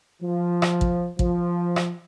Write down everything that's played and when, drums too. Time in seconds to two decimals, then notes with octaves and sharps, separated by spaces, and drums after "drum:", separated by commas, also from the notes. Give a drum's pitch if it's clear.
0.23 F3
0.62 drum: rim click
0.81 drum: kick
1.19 F3, drum: kick
1.76 drum: rim click